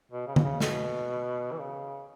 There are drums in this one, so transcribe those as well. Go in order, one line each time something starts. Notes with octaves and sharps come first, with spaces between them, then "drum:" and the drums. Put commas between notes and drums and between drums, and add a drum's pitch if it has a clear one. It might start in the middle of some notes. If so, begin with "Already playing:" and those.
B2
C#3
B2, drum: tom D3
C#3
B2, drum: snare
E3
C#3